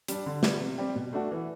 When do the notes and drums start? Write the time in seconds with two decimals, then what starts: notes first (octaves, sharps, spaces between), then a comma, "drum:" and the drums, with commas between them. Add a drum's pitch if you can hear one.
0.08 G3 D4, drum: hi-hat
0.26 D3
0.43 G3 B3, drum: snare
0.60 C3
0.78 G3 C4 G4
0.95 B2
1.13 A3 D4 F#4
1.31 E3